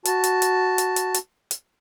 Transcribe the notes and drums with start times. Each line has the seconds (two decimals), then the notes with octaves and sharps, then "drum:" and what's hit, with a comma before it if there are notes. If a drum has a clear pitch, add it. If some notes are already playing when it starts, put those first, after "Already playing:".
0.05 F#4 A5, drum: hi-hat
0.24 drum: hi-hat
0.42 drum: hi-hat
0.78 drum: hi-hat
0.96 drum: hi-hat
1.14 drum: hi-hat
1.51 drum: hi-hat